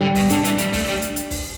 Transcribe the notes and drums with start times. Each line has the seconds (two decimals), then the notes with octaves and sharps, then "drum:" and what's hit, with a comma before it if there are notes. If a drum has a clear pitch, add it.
0.01 D3 G3
0.15 B2, drum: kick, open hi-hat
0.30 D3 D4, drum: hi-hat
0.45 E3, drum: hi-hat
0.58 G3, drum: hi-hat
0.73 A3, drum: kick, open hi-hat
0.88 G3
1.02 drum: hi-hat
1.16 drum: hi-hat
1.30 drum: kick, open hi-hat